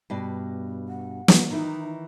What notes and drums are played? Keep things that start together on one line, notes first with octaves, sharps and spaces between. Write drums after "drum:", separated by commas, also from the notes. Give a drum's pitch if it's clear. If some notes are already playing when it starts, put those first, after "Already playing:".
G2 B2 D5
F#5
drum: snare
D#3 E3 D#4